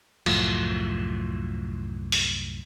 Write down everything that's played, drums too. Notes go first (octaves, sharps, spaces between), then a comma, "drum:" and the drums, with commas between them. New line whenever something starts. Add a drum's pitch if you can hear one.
C2 F#2 A2 F3, drum: cymbal
drum: open hi-hat